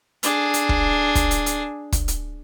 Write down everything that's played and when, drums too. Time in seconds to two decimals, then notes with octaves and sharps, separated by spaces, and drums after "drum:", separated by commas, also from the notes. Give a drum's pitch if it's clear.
0.23 D4 G#4, drum: hi-hat
0.54 drum: hi-hat
0.69 drum: kick
1.15 drum: kick, hi-hat
1.31 drum: hi-hat
1.46 drum: hi-hat
1.92 drum: kick, hi-hat
2.08 drum: hi-hat